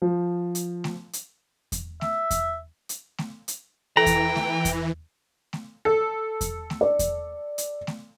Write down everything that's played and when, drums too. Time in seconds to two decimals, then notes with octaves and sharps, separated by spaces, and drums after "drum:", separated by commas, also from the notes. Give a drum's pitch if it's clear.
0.02 F3
0.55 drum: hi-hat
0.84 drum: snare A3
1.13 drum: hi-hat
1.72 drum: kick E2, hi-hat
2.01 E5, drum: snare A3
2.31 drum: kick E2, hi-hat
2.89 drum: hi-hat
3.18 drum: snare A3
3.48 drum: hi-hat
3.97 E3 A4 G5 A#5
4.06 drum: kick E2, hi-hat
4.36 drum: snare A3
4.65 drum: kick E2, hi-hat
5.53 drum: snare A3
5.85 A4
6.41 drum: kick E2, hi-hat
6.70 drum: snare A3
6.81 D5
6.99 drum: kick E2, hi-hat
7.58 drum: hi-hat
7.87 drum: snare A3